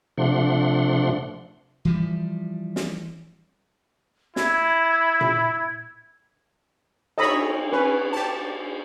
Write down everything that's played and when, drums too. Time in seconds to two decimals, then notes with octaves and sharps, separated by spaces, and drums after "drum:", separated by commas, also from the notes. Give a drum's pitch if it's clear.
0.18 C3 F3 A3 D4 F#5 C6
1.85 E3 F3 G3
2.76 drum: snare
4.36 E4 G#6, drum: snare
5.21 drum: tom A#2
7.18 A4 C#5 D#5 B5, drum: cymbal
7.72 C#4 B4
8.13 G4 A5